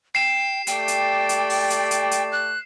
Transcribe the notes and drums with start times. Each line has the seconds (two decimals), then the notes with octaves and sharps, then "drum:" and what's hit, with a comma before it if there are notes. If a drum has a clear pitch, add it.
0.15 G5 C7 E7
0.67 A3 G4 D5 G5, drum: hi-hat
0.88 drum: hi-hat
1.29 drum: hi-hat
1.50 drum: open hi-hat
1.70 drum: hi-hat
1.91 drum: hi-hat
2.11 drum: hi-hat
2.32 F#6